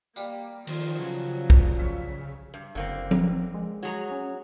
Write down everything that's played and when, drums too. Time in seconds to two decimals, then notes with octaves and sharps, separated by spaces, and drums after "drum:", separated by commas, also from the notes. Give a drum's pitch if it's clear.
0.16 G3 A#3 F5, drum: tambourine
0.67 D#3 F3 F4, drum: open hi-hat
0.99 C#3 F#3
1.50 drum: kick
1.77 C#5 E5 F5
2.54 G2
2.75 F#1 D3 A#3 C4
3.11 drum: tom F3
3.54 G#3
3.83 F#3 G#4 A#5
4.11 C#4